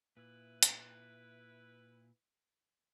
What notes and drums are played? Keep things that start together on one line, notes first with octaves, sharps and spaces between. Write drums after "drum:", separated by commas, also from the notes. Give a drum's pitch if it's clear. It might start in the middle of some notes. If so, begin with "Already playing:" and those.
A#2 E4 B4
drum: hi-hat